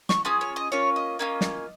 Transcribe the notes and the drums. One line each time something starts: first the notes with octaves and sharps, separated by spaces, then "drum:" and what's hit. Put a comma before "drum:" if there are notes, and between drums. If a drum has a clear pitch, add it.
C#6, drum: snare
C#4 F4 G#4 D#6
C#5
D#5
A#3 C#4 F4 C#5
D#5
A#3 C#4 F4
drum: snare